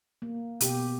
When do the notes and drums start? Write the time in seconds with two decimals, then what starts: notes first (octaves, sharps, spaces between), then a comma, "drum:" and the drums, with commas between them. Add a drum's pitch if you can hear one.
0.22 A#3
0.61 B2 G4, drum: hi-hat